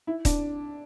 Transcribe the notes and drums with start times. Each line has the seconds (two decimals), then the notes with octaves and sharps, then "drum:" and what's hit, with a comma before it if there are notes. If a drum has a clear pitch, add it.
0.07 E4
0.25 D4, drum: kick D#1, hi-hat